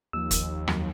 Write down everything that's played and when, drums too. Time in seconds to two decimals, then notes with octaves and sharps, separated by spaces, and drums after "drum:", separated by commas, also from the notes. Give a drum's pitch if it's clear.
0.13 D#2 F3 E6
0.31 drum: kick, hi-hat
0.68 F2 D#3 F#3, drum: rim click